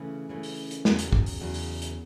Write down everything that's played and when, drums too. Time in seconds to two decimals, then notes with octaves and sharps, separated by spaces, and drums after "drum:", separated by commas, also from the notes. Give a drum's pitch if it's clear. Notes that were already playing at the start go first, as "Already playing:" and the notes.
Already playing: C#3 E3 A3 C#4
0.29 C#3 E3 A3 C#4
0.43 drum: open hi-hat
0.71 drum: hi-hat
0.85 E2 C#3 F#3, drum: snare
0.99 drum: hi-hat
1.13 drum: kick
1.26 drum: open hi-hat
1.40 E2 C#3 F#3
1.54 drum: open hi-hat
1.82 drum: hi-hat